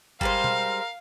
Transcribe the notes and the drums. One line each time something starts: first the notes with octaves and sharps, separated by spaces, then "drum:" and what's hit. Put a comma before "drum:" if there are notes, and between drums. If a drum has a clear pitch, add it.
G3 G#3 A#4 C5 F5, drum: kick G1
drum: tom B2